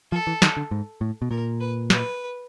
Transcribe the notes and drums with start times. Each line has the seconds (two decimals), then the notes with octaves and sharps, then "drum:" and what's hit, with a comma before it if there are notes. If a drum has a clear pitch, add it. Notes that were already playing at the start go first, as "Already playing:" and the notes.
0.12 F3 A4
0.27 E3
0.42 D#3, drum: snare
0.57 D3
0.71 G#2
1.01 A2
1.22 B2
1.31 A#2 A#4
1.60 B4
1.90 B4, drum: snare